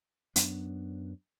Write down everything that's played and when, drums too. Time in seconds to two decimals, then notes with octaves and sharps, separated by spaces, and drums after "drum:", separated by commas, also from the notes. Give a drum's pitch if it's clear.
0.36 F#2 F#3 B3 D4, drum: hi-hat